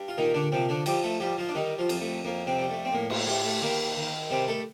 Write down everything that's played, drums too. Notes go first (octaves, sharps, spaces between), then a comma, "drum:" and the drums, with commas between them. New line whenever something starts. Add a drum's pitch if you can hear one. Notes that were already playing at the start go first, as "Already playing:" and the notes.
Already playing: G2
F4
A#2 D#3 D#4
D3 D4
C3 F3 C4
D3 D4
F3 G3 G4, drum: cymbal
A3 A4
F3 G3 G4
F3 F4
D4
D#3 G3 D#4
F3 F4
F2, drum: cymbal
A3
F2 A#3
C3 C4
G3
A3
C4
A2 A#3
A#3, drum: cymbal
G3 A3
A3
D#3 A#3
D#3
C3 G3 C4
A3 A4